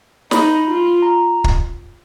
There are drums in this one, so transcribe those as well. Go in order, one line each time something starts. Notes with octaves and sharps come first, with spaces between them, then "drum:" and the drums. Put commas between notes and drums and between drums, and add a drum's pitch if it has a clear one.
D#4 B5, drum: snare
F4
A#5
drum: kick